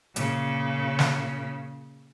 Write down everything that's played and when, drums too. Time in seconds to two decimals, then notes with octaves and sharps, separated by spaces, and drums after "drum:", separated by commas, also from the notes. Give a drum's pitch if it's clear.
0.16 A#2 C#3, drum: hi-hat
0.99 drum: snare